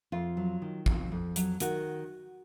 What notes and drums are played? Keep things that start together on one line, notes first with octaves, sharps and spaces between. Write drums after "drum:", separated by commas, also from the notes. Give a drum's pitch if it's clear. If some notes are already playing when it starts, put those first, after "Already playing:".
F2 F4
F#3
D#3
F2, drum: kick
F2
F#3, drum: hi-hat
D#3 F#4, drum: hi-hat